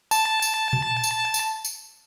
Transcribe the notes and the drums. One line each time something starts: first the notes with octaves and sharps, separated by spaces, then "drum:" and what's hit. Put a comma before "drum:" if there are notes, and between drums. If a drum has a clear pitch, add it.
A5, drum: tambourine
drum: tambourine
drum: tom A#2
drum: tambourine
drum: tambourine
drum: tambourine